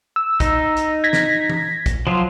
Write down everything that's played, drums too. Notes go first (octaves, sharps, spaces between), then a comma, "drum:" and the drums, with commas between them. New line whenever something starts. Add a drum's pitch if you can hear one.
E6
D#4, drum: kick, hi-hat
drum: hi-hat
G#6 A#6 B6
drum: snare
drum: tom E3
drum: kick, hi-hat
F3 F#3 F4